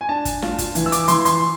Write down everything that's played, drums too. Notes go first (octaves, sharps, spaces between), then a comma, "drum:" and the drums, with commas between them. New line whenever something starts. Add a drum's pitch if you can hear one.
G#5
D4 A5
drum: kick, hi-hat
F4, drum: snare
drum: kick, hi-hat
E3, drum: hi-hat
E6
D6, drum: hi-hat
E3 C6, drum: hi-hat
C6, drum: hi-hat